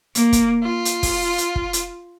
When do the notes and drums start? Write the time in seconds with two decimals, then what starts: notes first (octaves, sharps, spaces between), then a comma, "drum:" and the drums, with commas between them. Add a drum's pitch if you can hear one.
0.15 A#3, drum: hi-hat
0.33 drum: kick, hi-hat
0.63 F4
0.85 drum: hi-hat
1.03 drum: kick, open hi-hat
1.38 drum: hi-hat
1.56 drum: kick
1.73 drum: hi-hat